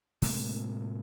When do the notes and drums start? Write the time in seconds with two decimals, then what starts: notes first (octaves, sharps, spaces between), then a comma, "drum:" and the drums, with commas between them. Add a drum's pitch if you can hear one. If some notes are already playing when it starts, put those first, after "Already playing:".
0.22 A2 C3 G#3 A#3, drum: open hi-hat